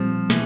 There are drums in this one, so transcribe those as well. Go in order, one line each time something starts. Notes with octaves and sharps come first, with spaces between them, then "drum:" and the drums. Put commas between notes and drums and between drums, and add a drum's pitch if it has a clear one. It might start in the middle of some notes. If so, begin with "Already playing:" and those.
Already playing: A#2 F3 G3 C4
B2 E3, drum: snare